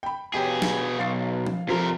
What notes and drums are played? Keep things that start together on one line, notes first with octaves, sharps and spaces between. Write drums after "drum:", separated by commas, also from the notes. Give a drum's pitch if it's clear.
G5 B5
B2 G4 G#4 C#5 G5
drum: snare
B1 F5 A6 C7
drum: tom F3
C3 F3 A4 A#4